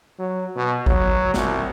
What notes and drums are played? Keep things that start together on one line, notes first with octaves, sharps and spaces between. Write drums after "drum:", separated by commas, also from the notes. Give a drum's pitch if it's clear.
F#3
B2
F#3, drum: kick G#1
C2, drum: snare